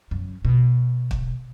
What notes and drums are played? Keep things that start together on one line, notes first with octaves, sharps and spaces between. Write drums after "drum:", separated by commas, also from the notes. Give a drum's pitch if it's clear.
F#2
B2
drum: kick